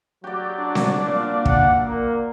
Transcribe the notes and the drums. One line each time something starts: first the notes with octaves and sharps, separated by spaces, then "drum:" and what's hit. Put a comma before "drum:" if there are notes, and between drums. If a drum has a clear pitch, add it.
F#3 F#4 G4 D5
D4
drum: snare C4
A#2
F#5, drum: kick
A#3